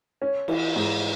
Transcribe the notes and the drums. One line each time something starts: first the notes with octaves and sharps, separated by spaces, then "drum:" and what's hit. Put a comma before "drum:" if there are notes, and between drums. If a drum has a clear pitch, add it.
C#4
E3, drum: cymbal
G#2